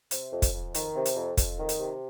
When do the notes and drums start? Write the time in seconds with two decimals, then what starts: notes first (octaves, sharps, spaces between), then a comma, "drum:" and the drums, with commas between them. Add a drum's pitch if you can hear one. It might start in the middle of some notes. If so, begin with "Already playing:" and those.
0.11 C3, drum: hi-hat
0.32 F2
0.42 drum: kick, hi-hat
0.52 F2
0.74 D#3, drum: hi-hat
0.95 C3
1.05 drum: hi-hat
1.16 F2
1.37 F2, drum: kick, hi-hat
1.59 D#3
1.69 drum: hi-hat
1.79 C3